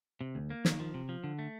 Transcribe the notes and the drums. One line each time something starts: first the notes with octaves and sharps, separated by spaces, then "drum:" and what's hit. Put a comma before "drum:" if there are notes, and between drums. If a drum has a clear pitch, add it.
C3
D2
A#3
D#3, drum: snare
F3
C3
F3
D3
A3